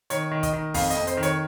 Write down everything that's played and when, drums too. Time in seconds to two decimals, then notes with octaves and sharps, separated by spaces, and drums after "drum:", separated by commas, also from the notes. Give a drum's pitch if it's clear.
0.10 D#3 C#5, drum: hi-hat
0.31 D#3
0.43 D#5, drum: kick, hi-hat
0.53 D#3
0.74 F2 F5, drum: kick, open hi-hat
0.90 D#5, drum: hi-hat
0.96 F2
1.07 C5, drum: hi-hat
1.17 D#3
1.23 C#5, drum: hi-hat